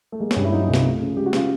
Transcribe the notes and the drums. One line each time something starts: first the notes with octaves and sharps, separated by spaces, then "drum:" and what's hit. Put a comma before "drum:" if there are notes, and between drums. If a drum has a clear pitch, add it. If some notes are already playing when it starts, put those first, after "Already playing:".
A3
G#3 A#3
C#4, drum: snare
G2
E4
F#3 D#4
D#4
C2
F4, drum: snare
A3
C#3
G#3 G4
F#4
C#3 F4, drum: snare